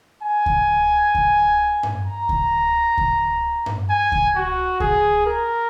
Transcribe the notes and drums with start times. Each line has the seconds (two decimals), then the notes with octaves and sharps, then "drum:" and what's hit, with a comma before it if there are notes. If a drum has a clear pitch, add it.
0.23 G#5
0.46 drum: kick C#2
1.15 drum: kick C#2
1.83 drum: tom G2
2.06 A#5
2.29 drum: kick C#2
2.98 drum: kick C#2
3.66 drum: tom G2
3.89 G#5
4.12 drum: kick C#2
4.35 F#4
4.80 G#4, drum: kick C#2
5.26 A#4